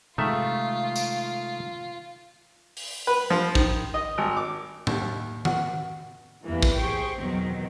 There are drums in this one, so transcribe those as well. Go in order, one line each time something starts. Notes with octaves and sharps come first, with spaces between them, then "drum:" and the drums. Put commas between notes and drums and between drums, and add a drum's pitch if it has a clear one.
C3 D#3 G#3 A3 F4 E5
drum: tambourine
drum: open hi-hat
B4
F3
D#3, drum: kick
D#5
G#1
D6
D#2, drum: tom A2
F#4, drum: tom D#3
E2 A2 C3 E3 A#3
drum: kick
G4 G#4 C5 G5 C#6
E2 B2 D#3 F#3 C4